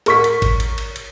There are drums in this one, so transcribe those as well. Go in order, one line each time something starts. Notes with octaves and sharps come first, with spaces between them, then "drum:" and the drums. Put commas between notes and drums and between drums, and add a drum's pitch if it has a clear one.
A#4 C#6 B6, drum: cymbal
drum: cymbal
drum: kick G#1, cymbal
drum: cymbal
drum: cymbal
drum: cymbal